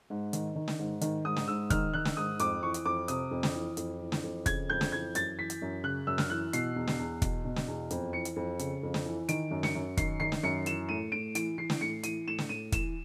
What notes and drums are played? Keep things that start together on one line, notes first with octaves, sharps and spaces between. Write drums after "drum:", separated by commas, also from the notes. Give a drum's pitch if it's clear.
G#2
D#3, drum: hi-hat
D#3
drum: snare
G#2
D#3, drum: hi-hat
G#2 D#6
drum: snare
G#2 E6
D#3 F6, drum: kick, hi-hat
D#3 F#6
drum: snare
G#2 D#6
F2 D6, drum: hi-hat
E3 C#6
drum: hi-hat
F2 D6
C3 D#6, drum: hi-hat
F2
drum: snare
E3
F2, drum: hi-hat
E3
drum: snare
F2
C#3 G#6, drum: kick, hi-hat
F2 G6
drum: snare
E3 G#6
F#2 A6, drum: hi-hat
E3 B6
drum: hi-hat
F#2
C#3 F#6
F#2 E6
F6, drum: snare
E3 F#6
B2 C7, drum: hi-hat
E2
drum: snare
E2
B2, drum: kick, hi-hat
B2
drum: snare
E2
F2, drum: hi-hat
E3 C#7
drum: hi-hat
F2
C#3, drum: hi-hat
F2
drum: snare
E3
D#3 D7, drum: hi-hat
F#2
C#7, drum: snare
F#2
D#3 C7, drum: kick, hi-hat
D#3 C7
drum: snare
F#2 C#7
E3 E7, drum: hi-hat
A2 D#7
A2 D7
E3 D7, drum: hi-hat
E3 C7
drum: snare
A2 C#7
E3 D#7, drum: hi-hat
A2 E7
drum: snare
A2 D#7
E3 E7, drum: kick, hi-hat